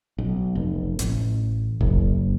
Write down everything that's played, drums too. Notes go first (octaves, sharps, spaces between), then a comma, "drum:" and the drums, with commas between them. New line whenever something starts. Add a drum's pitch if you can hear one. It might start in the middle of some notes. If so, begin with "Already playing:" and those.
B1
F1
A1, drum: hi-hat
F#1, drum: kick D#1